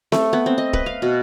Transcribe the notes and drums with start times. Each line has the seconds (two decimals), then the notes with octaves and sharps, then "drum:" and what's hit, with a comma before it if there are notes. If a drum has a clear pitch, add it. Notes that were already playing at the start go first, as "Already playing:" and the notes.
0.12 A3, drum: snare C4
0.33 B3
0.46 C4
0.58 D#5
0.73 B4, drum: kick
0.86 F5
1.02 B2